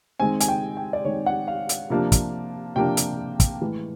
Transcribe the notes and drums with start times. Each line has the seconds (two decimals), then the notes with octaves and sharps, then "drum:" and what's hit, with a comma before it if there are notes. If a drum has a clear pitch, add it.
0.20 D#3 G#3 C4 G#5
0.40 G#5, drum: hi-hat
0.48 G5
0.77 G5
0.93 D5
1.05 D#3 G#3 C4 C#5
1.26 F#5
1.48 F5
1.69 drum: hi-hat
1.90 C3 F3 A#3 D4
2.12 drum: kick, hi-hat
2.76 C3 F3 A#3 D4 G5
2.97 drum: hi-hat
3.40 drum: kick, hi-hat
3.61 A2 E3 G#3